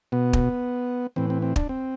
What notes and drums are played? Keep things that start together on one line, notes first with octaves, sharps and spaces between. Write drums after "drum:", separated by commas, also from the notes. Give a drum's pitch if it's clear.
B2 B3
drum: kick
A2 E3 C4
C4
C4
D4, drum: kick
C4